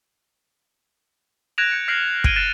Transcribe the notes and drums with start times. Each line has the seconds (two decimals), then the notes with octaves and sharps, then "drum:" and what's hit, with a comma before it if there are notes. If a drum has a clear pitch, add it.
1.58 F#6 G#6 A#6 D7 E7 F7
1.72 G6 G#6 C#7
1.88 F6 G6 A#6 C7 D7 F#7
2.02 E7
2.24 F6 G#6 D7 D#7 G7, drum: kick
2.36 F#6 A6 C7 D#7 E7